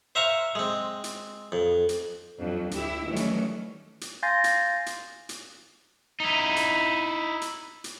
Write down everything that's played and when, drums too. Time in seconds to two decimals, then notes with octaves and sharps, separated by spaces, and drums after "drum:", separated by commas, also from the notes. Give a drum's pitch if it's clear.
0.15 C5 E5 F5 A#5 C#6
0.55 G#3 C4
1.04 drum: hi-hat
1.52 F2
1.89 drum: hi-hat
2.38 F2 F#3 D4
2.71 D2 E4 G4 E5, drum: hi-hat
3.06 D#3 E3 F#3 G3 A3 C#4
3.16 drum: hi-hat
4.01 drum: hi-hat
4.23 F5 G#5 C6 G6 A6 A#6
4.44 drum: hi-hat
4.86 drum: hi-hat
5.29 drum: hi-hat
6.20 D#4 E4
6.56 drum: hi-hat
7.41 drum: hi-hat
7.84 drum: hi-hat